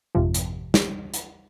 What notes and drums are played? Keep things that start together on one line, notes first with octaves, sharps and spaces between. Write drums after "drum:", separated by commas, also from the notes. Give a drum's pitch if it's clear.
G#1 F2 C3 F3
drum: hi-hat
drum: snare
drum: hi-hat